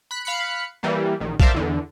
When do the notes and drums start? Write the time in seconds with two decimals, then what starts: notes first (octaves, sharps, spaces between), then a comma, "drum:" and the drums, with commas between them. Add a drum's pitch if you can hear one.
0.11 B5 F#6 B6
0.25 F5 B5 F#6 C#7
0.83 E3 G3 A#3
1.20 A#1 D#3
1.40 A#4 C5 D5 E5 F5 A5, drum: kick A#1
1.54 E2 D3